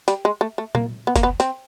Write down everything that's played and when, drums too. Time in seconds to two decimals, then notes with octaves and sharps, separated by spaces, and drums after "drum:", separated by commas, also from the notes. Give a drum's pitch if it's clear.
0.08 G3, drum: hi-hat
0.25 G#3
0.41 A3
0.58 A3
0.75 A#3, drum: tom A#2
1.07 B3
1.16 A#3, drum: kick, hi-hat
1.23 B3
1.40 C4, drum: hi-hat